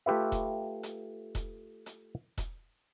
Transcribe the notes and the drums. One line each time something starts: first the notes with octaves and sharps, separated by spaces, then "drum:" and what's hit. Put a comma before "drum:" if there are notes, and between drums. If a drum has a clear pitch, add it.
A3 F4 G4 B4 E5
drum: kick E1, hi-hat
drum: hi-hat
drum: kick E1, hi-hat
drum: hi-hat
drum: kick E1, hi-hat